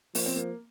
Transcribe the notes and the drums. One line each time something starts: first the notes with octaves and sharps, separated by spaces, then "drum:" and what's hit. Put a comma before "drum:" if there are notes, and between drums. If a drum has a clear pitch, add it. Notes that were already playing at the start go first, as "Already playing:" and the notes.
F3 A#3, drum: open hi-hat
C4
A#3